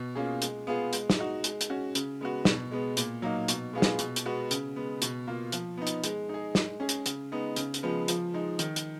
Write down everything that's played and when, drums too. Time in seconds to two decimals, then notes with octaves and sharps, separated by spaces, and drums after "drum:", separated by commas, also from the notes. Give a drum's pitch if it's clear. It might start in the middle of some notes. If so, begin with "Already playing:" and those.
Already playing: B2
0.15 A#3 C#4 F4 G#4
0.42 G#3, drum: hi-hat
0.67 B3 F4 G#4
0.93 G#3, drum: hi-hat
1.10 drum: snare
1.19 D#4 F#4
1.44 G#3, drum: hi-hat
1.61 drum: hi-hat
1.70 C#4 F#4
1.95 C#3, drum: hi-hat
2.21 G#3 B3 F#4
2.45 B2, drum: snare
2.71 G#3 B3
2.97 A#2, drum: hi-hat
3.22 F#3 A#3 D#4
3.48 B2, drum: hi-hat
3.73 G#3 B3 F4 G#4
3.82 drum: snare
3.99 B2, drum: hi-hat
4.16 drum: hi-hat
4.25 G#3 B3 F#4
4.51 C#3, drum: hi-hat
4.76 G#3 B3
5.02 B2, drum: hi-hat
5.27 A#3 F4
5.52 F3, drum: hi-hat
5.78 B3 D#4
5.87 drum: hi-hat
6.04 G#3, drum: hi-hat
6.29 D#4 G#4
6.55 G#3, drum: snare
6.80 C#4 G#4
6.89 drum: hi-hat
7.06 C#3, drum: hi-hat
7.32 G#3 B3 D#4
7.56 C#3, drum: hi-hat
7.74 drum: hi-hat
7.83 F3 G#3 B3
8.08 F3, drum: hi-hat
8.34 G#3 D#4
8.59 D#3, drum: hi-hat
8.76 drum: hi-hat